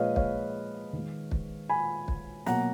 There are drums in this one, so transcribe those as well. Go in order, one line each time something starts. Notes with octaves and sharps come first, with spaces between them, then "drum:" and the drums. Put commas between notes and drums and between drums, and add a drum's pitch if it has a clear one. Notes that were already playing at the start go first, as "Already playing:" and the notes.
Already playing: A#2 F3 G#3 B4 C#5 D#5 F5
C#5 F5, drum: kick
D#3
G#3
drum: kick
G#5 B5
drum: kick
B2 F#3 A#3 F#5 A#5, drum: snare